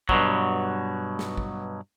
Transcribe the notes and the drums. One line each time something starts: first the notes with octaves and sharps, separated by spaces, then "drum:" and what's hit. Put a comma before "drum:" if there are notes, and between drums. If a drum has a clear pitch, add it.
G2 B2 F#3, drum: kick
drum: snare
drum: kick